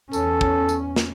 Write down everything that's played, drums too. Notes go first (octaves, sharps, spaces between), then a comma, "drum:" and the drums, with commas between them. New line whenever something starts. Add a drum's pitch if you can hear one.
E2 C#4 A4, drum: tambourine
drum: kick
drum: tambourine
drum: snare